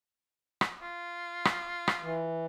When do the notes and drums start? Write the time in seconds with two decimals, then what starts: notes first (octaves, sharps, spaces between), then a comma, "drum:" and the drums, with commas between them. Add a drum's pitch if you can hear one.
0.61 drum: rim click
0.82 F4
1.45 drum: rim click
1.88 drum: rim click
2.02 E3